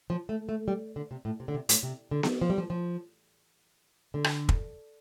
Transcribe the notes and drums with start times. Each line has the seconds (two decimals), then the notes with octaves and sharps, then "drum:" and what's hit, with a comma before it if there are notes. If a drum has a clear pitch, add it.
0.10 F3
0.29 A3
0.49 A3
0.68 G3
0.96 D3
1.11 C3
1.25 A2
1.40 C3
1.48 D3
1.54 C3
1.69 A2, drum: hi-hat
1.83 C3
2.11 D3
2.23 drum: snare B3
2.42 F3
2.50 G3
2.58 F3
2.70 F3
4.14 D3
4.24 drum: rim click
4.49 drum: kick